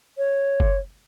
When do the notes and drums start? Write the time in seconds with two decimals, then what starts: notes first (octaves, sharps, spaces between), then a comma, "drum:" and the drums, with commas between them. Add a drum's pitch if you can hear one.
0.18 C#5
0.60 drum: kick F#1